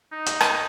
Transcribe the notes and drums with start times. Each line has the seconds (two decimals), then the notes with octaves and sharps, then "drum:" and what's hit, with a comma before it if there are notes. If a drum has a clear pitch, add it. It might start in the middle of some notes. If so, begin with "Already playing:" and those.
0.12 D#4
0.26 drum: hi-hat
0.40 drum: rim click